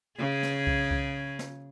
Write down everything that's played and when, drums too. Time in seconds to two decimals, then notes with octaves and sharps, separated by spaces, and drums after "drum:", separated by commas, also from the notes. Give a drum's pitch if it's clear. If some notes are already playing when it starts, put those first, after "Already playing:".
0.19 C#3 G#4
0.43 drum: snare
0.67 drum: kick C2
0.91 drum: kick C2
1.39 drum: snare